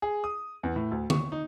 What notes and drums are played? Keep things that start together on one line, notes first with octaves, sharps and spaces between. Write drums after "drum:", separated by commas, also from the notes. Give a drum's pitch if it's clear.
G#4
D#6
E2
A2
D2
C#6, drum: tom D3
D#4